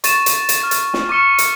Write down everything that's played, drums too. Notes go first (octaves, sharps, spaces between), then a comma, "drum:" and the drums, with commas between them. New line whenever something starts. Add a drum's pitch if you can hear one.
C#6 A6 D#7 E7, drum: hi-hat
drum: hi-hat
drum: hi-hat
F6 A6 E7
drum: hi-hat
drum: snare
C#6 D6 F6 C#7 E7 G7
drum: hi-hat